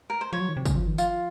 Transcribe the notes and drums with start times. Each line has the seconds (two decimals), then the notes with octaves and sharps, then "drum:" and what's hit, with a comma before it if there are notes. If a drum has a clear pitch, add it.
0.10 A#4
0.21 C5
0.33 F3 C#5
0.40 F#3
0.49 D#3
0.57 C3
0.65 C#3, drum: kick, tambourine
0.76 F3
0.87 D#3
0.98 F3 F4, drum: tambourine